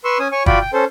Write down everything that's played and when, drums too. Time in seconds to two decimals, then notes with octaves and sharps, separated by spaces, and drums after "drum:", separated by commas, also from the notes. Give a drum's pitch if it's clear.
0.05 B4 C6 C#6 E6
0.20 C#4 G#5 D#6
0.32 C#5 G#5 C#6
0.46 F4 F#4 D5 G5 B5, drum: kick
0.61 G5
0.73 C#4 A4 C5